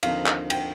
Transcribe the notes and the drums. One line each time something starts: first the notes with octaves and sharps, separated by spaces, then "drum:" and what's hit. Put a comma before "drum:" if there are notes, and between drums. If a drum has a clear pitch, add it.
D#2 D3 F3 C4 D#4 F5, drum: cymbal
drum: clap
G5, drum: cymbal